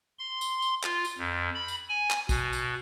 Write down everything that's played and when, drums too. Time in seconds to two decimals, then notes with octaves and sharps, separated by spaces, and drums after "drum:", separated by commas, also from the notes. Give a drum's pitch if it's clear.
0.19 C6
0.41 drum: tambourine
0.62 drum: tambourine
0.83 F4, drum: clap
1.05 drum: tambourine
1.18 F2
1.55 B5
1.68 drum: tambourine
1.89 G#5
2.11 drum: clap
2.29 B2, drum: kick A#1, tambourine
2.53 drum: tambourine